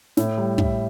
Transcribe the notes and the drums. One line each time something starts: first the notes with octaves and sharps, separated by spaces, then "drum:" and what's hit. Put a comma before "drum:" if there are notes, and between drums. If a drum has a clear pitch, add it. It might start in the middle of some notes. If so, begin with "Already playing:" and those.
A2, drum: snare
G3
A2 E5, drum: kick